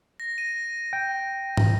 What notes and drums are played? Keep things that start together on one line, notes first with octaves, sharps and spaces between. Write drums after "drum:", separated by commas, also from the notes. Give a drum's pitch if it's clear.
A#6
D#7
G5
drum: tom